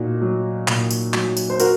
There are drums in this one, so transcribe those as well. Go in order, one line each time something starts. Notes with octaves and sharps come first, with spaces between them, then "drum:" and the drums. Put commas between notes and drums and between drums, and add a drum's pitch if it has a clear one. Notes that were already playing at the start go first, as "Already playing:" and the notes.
Already playing: A#2 D#4 F#4
F#3
A#2, drum: clap
drum: tambourine
F#3, drum: clap
drum: tambourine
C5
F#4 A#4, drum: tambourine